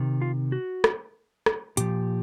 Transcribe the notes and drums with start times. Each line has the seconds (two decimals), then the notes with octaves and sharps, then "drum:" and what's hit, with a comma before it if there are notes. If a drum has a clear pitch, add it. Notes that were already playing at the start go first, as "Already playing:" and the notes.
Already playing: C3 D#3
0.21 F4
0.52 F#4
0.84 drum: rim click
1.46 drum: rim click
1.77 A#2 F3 G4, drum: hi-hat